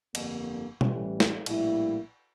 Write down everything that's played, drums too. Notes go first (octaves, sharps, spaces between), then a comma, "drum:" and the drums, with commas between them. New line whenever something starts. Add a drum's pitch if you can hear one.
G1 F2 D3 G3 A#3, drum: cymbal
A1 A2 E3 G3, drum: tom B2
drum: snare
A#1 A2 G3 A#3 E4, drum: cymbal